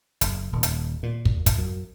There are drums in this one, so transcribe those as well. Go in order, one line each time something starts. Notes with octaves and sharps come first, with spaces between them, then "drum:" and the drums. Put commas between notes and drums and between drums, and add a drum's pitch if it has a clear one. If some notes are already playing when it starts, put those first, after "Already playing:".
F#1, drum: hi-hat
D#1
drum: hi-hat
A#2
drum: kick
drum: kick, hi-hat
F#2